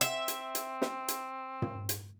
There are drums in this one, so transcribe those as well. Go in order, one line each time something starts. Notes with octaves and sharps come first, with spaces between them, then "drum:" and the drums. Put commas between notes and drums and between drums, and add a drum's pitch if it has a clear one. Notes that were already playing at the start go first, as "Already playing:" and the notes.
C4 E5, drum: hi-hat
drum: hi-hat
drum: hi-hat
drum: snare
drum: hi-hat
drum: tom
drum: hi-hat